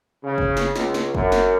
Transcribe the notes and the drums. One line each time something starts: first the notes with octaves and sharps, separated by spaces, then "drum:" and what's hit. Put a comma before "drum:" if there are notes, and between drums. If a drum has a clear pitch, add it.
C#3
drum: kick
drum: snare
C#2, drum: snare
drum: snare
F#2, drum: kick
drum: snare